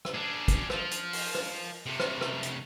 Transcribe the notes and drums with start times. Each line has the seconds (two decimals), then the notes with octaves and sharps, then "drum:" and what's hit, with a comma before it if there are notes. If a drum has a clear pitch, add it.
0.05 drum: rim click
0.14 D4 G#4
0.48 drum: kick, hi-hat
0.70 F3, drum: rim click
0.91 drum: hi-hat
1.13 drum: open hi-hat
1.35 drum: rim click
1.86 C3 A3
2.00 drum: rim click
2.21 drum: rim click
2.43 drum: hi-hat